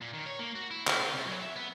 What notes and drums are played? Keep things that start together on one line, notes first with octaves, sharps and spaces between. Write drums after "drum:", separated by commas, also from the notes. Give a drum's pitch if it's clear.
A#2
D#3
C#5
A#3
F#4
E4
D3, drum: clap
F4
C3
F#3
E5
B3